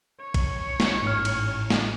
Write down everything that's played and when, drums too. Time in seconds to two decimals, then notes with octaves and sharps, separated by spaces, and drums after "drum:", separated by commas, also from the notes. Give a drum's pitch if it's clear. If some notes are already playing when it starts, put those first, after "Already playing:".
0.21 C#5
0.34 drum: kick A#1, cymbal
0.80 drum: snare
1.02 A1 G#2 F6
1.25 drum: cymbal
1.70 drum: snare